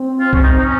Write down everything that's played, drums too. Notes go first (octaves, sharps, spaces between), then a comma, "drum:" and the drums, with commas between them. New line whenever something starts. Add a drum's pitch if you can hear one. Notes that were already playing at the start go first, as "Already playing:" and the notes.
Already playing: C4
F4
C#4, drum: kick C2
D#4
D#4
C#4